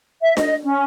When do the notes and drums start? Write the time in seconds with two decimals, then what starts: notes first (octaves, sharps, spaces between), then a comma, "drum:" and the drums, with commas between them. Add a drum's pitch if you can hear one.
0.21 E5
0.37 D#5, drum: snare D4
0.64 C#4